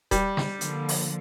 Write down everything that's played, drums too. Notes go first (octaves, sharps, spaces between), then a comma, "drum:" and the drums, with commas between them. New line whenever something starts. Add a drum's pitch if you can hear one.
G3, drum: kick D#1, hi-hat
drum: snare
D3 F3 A#3, drum: hi-hat
drum: open hi-hat